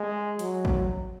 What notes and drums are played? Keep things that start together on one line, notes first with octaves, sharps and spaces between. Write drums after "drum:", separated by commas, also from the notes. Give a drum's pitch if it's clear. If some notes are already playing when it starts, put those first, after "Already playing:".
Already playing: G#3
F#3, drum: hi-hat
drum: kick A1